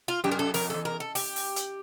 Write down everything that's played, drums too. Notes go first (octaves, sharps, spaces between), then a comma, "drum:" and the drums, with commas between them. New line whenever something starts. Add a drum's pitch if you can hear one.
F4
F#2 G4
A#4
A4
F2 A#4, drum: open hi-hat
E2 A4
A#4
A4
G4, drum: open hi-hat
drum: open hi-hat
drum: hi-hat